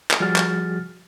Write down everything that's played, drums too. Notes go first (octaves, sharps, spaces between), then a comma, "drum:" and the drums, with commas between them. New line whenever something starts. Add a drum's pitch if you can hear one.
drum: clap
F3 G3 F#4 G#4 F6 A6
drum: clap